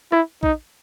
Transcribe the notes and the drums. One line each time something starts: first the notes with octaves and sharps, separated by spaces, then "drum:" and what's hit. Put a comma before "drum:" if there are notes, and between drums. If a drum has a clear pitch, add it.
E4, drum: rim click
D#4, drum: kick